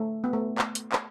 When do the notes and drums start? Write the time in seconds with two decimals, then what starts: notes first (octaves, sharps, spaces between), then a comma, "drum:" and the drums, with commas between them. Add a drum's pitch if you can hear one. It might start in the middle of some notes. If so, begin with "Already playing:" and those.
Already playing: A3
0.24 B3
0.33 A3
0.58 drum: clap
0.75 drum: hi-hat
0.92 drum: clap